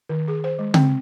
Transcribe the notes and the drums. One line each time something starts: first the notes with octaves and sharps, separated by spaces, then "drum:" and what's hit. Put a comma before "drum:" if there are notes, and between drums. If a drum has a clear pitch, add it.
D#3
G#4
C5
G#3
C4, drum: tom C#3